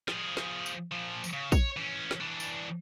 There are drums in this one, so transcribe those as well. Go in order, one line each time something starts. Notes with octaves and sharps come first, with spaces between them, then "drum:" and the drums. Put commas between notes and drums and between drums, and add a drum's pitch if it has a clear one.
F3 G#4, drum: snare
drum: snare
drum: tambourine
A#2 F3
drum: tambourine
C#3
C#5, drum: kick A#1, tambourine
E3 C#4
drum: snare
E3 D4
drum: tambourine